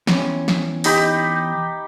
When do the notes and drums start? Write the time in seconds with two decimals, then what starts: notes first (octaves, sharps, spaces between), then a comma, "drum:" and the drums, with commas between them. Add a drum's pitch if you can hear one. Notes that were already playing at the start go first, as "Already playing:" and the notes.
0.07 E2 C3 C#4, drum: snare
0.48 drum: snare
0.84 D#4 G4 B5, drum: open hi-hat